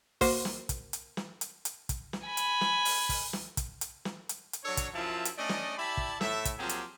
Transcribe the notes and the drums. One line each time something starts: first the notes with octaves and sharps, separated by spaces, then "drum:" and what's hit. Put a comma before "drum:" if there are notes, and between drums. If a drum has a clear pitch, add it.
A#3 F#4 C5, drum: kick, open hi-hat
drum: snare
drum: kick, hi-hat
drum: hi-hat
drum: snare
drum: hi-hat
drum: hi-hat
drum: kick, hi-hat
drum: snare
G#5 B5
drum: hi-hat
drum: snare
drum: open hi-hat
drum: kick, open hi-hat
drum: snare
drum: kick, hi-hat
drum: hi-hat
drum: snare
drum: hi-hat
drum: hi-hat
F#3 D4 A4 C#5
drum: kick, hi-hat
F#2 F3 E4 F4 E5 A5
drum: hi-hat
A3 C#4 D4 D5 D#5
drum: snare
E4 G4 D5 E5 A5 B5
drum: kick
A2 A4 E5, drum: snare
drum: kick, hi-hat
F3 F#3 A#3 C4 G4 G#4
drum: hi-hat